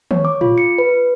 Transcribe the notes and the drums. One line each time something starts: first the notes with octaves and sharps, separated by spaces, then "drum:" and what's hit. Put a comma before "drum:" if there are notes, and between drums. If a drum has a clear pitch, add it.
C#5, drum: tom D#3
D6
F4, drum: tom A2
C#7
B4